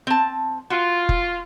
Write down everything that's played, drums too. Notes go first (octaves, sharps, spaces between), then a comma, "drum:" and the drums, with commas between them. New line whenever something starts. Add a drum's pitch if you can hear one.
C4 A5
F4 F#4
drum: kick F1